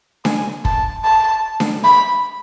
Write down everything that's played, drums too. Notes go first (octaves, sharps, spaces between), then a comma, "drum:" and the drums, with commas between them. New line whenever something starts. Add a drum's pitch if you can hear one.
G#5, drum: snare D4
A5, drum: kick
A5
drum: snare D4
B5